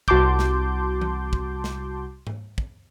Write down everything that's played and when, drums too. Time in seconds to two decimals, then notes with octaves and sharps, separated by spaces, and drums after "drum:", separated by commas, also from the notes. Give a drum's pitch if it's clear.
0.08 C2 F#4 A5 C6 D6 G6, drum: kick
0.39 drum: snare
1.01 drum: tom E3
1.33 drum: kick
1.64 drum: snare
2.27 drum: tom G#2
2.58 drum: kick